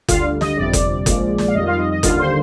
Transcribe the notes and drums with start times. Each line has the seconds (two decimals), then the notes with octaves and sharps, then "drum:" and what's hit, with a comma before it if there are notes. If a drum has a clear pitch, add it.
0.08 D2 D3 G3 F4 F5, drum: kick F#1, hi-hat
0.41 D#5, drum: snare
0.57 G1 F2 C3 G3 D5
0.73 drum: kick F#1, hi-hat
1.06 A#1 A#2 F3 G#3, drum: kick F#1, hi-hat
1.38 drum: snare
1.48 F5
1.55 F2 D#3 G3 D#5
1.66 F4 F5
1.79 D#5
1.92 D#5
2.03 D#2 D3 G3 A#3 F4 F5, drum: kick F#1, hi-hat
2.19 C5 C6